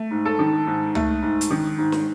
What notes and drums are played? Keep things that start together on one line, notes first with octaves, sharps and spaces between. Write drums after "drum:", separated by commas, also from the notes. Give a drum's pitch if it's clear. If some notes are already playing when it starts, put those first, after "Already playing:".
Already playing: A3
G#2
A4
D#3
G#2
A3, drum: tom
G#2
drum: hi-hat
D#3
G#2
drum: snare